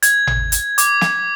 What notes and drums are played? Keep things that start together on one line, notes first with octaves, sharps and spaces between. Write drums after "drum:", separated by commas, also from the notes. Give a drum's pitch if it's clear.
G#6, drum: hi-hat
drum: tom G#1
drum: hi-hat
D6, drum: hi-hat
drum: snare